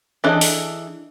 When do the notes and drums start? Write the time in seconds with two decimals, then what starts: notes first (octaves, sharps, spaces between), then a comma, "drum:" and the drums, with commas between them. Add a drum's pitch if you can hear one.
0.24 E3 D4 G#4 A4 D#5
0.41 drum: open hi-hat